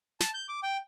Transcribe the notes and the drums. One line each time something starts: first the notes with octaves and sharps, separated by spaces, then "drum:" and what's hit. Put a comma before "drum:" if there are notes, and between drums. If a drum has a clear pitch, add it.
A5, drum: snare
G6
D6
G5